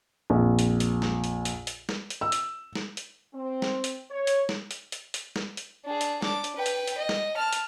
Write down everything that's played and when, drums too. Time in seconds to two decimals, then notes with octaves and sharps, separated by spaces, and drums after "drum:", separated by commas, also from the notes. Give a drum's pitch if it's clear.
0.30 A#1 F2
0.59 drum: hi-hat
0.80 drum: hi-hat
1.02 drum: snare
1.24 drum: hi-hat
1.45 drum: hi-hat
1.67 drum: hi-hat
1.89 drum: snare
2.10 drum: hi-hat
2.21 E6
2.32 drum: hi-hat
2.75 drum: snare
2.97 drum: hi-hat
3.34 C4
3.62 drum: snare
3.84 drum: hi-hat
4.10 C#5
4.27 drum: hi-hat
4.49 drum: snare
4.71 drum: hi-hat
4.92 drum: hi-hat
5.14 drum: hi-hat
5.36 drum: snare
5.57 drum: hi-hat
5.86 D4 G#4
6.01 drum: hi-hat
6.22 D4 D6, drum: snare
6.44 drum: hi-hat
6.56 B4 G5
6.66 drum: hi-hat
6.87 drum: hi-hat
6.98 D#5
7.09 drum: snare
7.37 A5 F6
7.53 drum: hi-hat